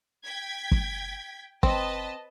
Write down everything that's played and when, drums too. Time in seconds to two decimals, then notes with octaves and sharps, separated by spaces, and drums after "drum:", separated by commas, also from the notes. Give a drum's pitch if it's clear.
0.25 G5 G#6 B6
0.71 drum: kick
1.63 C4 B4 D#5 A5, drum: kick